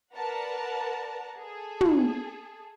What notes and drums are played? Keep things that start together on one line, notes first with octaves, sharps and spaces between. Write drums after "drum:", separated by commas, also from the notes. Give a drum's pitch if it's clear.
A#4 B4 D5 F#5 A5 A#5
G#4 A4
drum: tom